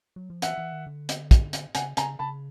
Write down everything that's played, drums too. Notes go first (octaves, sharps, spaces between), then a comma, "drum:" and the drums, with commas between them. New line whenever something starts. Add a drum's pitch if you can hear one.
F#3
F3
E3 E5 F#5, drum: hi-hat
E3
D#3
D3
drum: hi-hat
drum: kick, hi-hat
drum: hi-hat
C#3 F#5 G#5, drum: hi-hat
C#3 G#5 A#5, drum: hi-hat
C#3 A5 B5